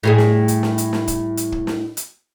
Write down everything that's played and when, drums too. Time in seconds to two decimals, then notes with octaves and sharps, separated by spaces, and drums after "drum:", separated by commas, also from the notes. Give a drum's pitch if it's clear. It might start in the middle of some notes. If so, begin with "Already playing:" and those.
0.03 A2 G3 G#4
0.18 drum: snare
0.48 drum: hi-hat
0.63 drum: snare
0.78 drum: hi-hat
0.93 drum: snare
1.08 drum: kick, hi-hat
1.37 drum: hi-hat
1.52 drum: kick
1.67 drum: snare
1.97 drum: hi-hat